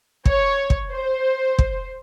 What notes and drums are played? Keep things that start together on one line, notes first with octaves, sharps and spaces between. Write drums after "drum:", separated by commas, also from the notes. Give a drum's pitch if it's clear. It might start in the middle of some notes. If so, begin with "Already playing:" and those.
C#5, drum: kick
drum: kick
C5
drum: kick